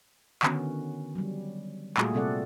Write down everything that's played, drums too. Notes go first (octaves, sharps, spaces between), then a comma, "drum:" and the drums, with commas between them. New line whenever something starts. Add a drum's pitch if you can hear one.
D3 D#3 B3 C#4 F#4, drum: clap
F#3 G3
A#2 G3 A3 F4 F#4 G#4, drum: clap
C3 G3 C4 A4 D5 F#5